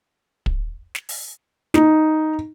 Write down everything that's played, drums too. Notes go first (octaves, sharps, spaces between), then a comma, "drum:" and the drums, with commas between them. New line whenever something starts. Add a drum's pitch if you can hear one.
drum: kick
drum: snare
drum: open hi-hat
D#4, drum: snare